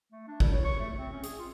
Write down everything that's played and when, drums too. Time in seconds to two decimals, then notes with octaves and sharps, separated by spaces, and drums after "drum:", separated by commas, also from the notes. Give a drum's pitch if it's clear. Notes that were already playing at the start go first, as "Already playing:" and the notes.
0.12 A3
0.28 D4
0.40 G3, drum: kick
0.52 C#5
0.64 C#6
0.79 A3
0.97 C4
1.12 C#4
1.23 G#4, drum: hi-hat
1.39 F4